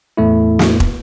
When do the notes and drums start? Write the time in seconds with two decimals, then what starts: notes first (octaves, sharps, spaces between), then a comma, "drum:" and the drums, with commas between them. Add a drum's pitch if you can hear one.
0.17 E2 A2 A3 E4
0.59 drum: snare
0.80 drum: kick